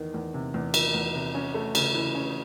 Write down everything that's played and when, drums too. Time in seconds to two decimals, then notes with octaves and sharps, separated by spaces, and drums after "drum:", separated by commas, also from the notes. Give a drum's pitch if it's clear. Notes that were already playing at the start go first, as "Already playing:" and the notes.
Already playing: E2 D#3
0.14 E2
0.34 C3
0.54 E2
0.74 D#3, drum: cymbal
0.94 E2
1.15 C3
1.35 C#4
1.54 A3
1.75 C#3, drum: cymbal
1.95 E3
2.15 C#4